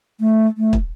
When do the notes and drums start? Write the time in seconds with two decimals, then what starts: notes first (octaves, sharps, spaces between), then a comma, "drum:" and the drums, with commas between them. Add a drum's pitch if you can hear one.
0.20 A3
0.58 A3
0.73 drum: kick